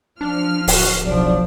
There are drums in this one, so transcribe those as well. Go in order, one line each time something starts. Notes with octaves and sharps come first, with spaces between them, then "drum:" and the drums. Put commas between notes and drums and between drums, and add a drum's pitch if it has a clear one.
F3 D4 F6
D1 F#4, drum: open hi-hat
B1 F3 F#3 D4